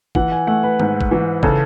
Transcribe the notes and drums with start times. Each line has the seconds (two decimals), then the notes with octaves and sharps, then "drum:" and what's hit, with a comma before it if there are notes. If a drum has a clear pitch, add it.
0.15 E3 F#5, drum: kick
0.32 G#5
0.47 A3 F#5
0.63 B4
0.80 G#2, drum: tom D#3
1.01 drum: kick
1.11 E3
1.43 C#3 A4, drum: kick